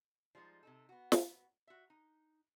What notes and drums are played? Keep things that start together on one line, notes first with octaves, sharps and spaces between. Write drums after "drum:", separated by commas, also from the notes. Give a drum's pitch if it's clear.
F3 G3 G#3 D#4
C3 D#4 A4
B3 F#4
drum: snare
F#4 E5
D#4